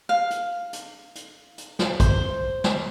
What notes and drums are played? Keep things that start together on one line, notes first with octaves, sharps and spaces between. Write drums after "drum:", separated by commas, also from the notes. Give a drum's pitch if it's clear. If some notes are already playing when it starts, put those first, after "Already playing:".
F5
drum: hi-hat
drum: hi-hat
drum: hi-hat
drum: hi-hat
drum: snare
C5, drum: kick, hi-hat
drum: snare